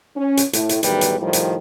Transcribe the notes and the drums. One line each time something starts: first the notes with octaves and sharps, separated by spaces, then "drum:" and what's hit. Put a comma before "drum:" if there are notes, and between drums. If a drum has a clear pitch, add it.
C#4
drum: hi-hat
A2, drum: hi-hat
drum: hi-hat
E2 A2 D#3 F#3 G3 B4, drum: hi-hat
drum: hi-hat
A2 D#3 F3 G3
drum: hi-hat